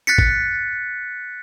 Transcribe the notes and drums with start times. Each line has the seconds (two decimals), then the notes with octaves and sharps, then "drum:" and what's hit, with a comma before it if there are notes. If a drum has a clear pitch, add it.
0.07 F#6 A6 B6 C#7
0.18 drum: kick